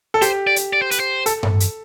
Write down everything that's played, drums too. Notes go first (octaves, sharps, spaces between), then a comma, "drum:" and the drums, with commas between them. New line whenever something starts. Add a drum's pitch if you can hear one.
A4
G4 C5, drum: hi-hat
D5
drum: hi-hat
D5
C5
B4, drum: hi-hat
C5
A4, drum: hi-hat
drum: tom G2
drum: hi-hat